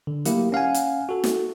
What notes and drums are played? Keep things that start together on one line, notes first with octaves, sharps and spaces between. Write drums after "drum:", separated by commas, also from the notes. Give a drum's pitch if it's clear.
D3
F#3 A3 A#3 E4 G4, drum: hi-hat
C#4 F5 F#5 G#5
drum: hi-hat
F#4 A4
drum: snare